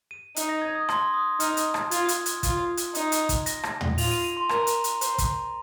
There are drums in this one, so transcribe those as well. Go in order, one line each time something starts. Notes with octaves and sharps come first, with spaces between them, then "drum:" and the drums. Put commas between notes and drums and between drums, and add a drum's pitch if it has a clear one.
D#7
D#4, drum: hi-hat
A#6
G#6
D#6
C6, drum: rim click
D#6
D#4 F6, drum: hi-hat
drum: hi-hat
drum: rim click
F4 G#6, drum: hi-hat
drum: hi-hat
drum: hi-hat
F4, drum: kick, hi-hat
drum: hi-hat
D#4, drum: hi-hat
drum: hi-hat
drum: kick, hi-hat
A#6, drum: hi-hat
drum: rim click
drum: tom
F4 F7, drum: open hi-hat
D#7
D#7
C6
A#4 A#5, drum: rim click
drum: hi-hat
drum: hi-hat
C5, drum: hi-hat
drum: kick, hi-hat